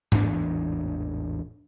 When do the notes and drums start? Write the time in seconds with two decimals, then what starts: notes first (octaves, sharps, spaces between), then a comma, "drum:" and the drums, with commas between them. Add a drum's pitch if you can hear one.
0.12 A1 E2 G#2 D4, drum: tom G#2